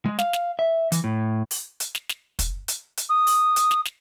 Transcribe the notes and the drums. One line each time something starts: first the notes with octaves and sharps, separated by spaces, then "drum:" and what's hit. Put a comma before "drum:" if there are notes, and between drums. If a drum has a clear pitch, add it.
G#3
F5, drum: snare
drum: snare
E5
E3, drum: hi-hat
A2
drum: open hi-hat
drum: hi-hat
drum: snare
drum: snare
drum: kick, hi-hat
drum: hi-hat
drum: hi-hat
D#6
drum: open hi-hat
drum: hi-hat
drum: snare
drum: snare